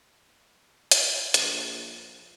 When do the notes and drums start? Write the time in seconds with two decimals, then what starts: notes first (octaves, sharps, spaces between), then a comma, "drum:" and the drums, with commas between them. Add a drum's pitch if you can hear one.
0.91 drum: hi-hat
1.34 A#1, drum: hi-hat